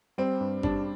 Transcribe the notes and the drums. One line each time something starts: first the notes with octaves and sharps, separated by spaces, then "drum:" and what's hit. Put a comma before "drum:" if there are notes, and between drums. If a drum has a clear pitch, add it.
G3 C4
G2
G3 D4, drum: kick G#1